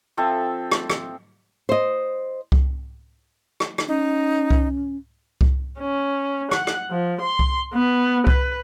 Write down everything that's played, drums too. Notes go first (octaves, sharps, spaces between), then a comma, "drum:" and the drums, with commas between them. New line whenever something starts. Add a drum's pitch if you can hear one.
F3 C4 A4 E5
drum: rim click
drum: rim click
C5 D#5
drum: kick C2
drum: rim click
drum: rim click
C#4 D#4
drum: kick C2
drum: kick C2
C#4
F#5, drum: rim click
drum: rim click
F3
C6
drum: kick C2
B3
B4, drum: kick C2